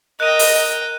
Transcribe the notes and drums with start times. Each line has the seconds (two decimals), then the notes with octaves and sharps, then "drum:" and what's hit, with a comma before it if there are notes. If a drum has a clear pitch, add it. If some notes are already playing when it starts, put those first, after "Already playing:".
0.20 A#4 D#5 G5 F#6 D#7
0.39 drum: open hi-hat